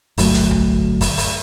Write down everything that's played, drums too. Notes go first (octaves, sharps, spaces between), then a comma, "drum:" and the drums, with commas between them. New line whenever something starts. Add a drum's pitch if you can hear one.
G1 D2 F#3 A3, drum: open hi-hat
drum: hi-hat
drum: tom B1
drum: kick, open hi-hat
drum: open hi-hat